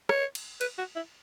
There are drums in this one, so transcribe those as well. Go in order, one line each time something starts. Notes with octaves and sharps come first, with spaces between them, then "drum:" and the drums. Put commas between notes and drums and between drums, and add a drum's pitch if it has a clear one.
C#5, drum: rim click
drum: cymbal
B4, drum: cymbal
F#4
E4